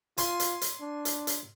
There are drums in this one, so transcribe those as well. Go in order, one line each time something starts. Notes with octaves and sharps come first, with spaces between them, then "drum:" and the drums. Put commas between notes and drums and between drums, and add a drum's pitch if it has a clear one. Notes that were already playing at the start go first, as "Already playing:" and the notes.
F4 G#5 C6, drum: hi-hat
drum: hi-hat
drum: hi-hat
D4
drum: hi-hat
drum: hi-hat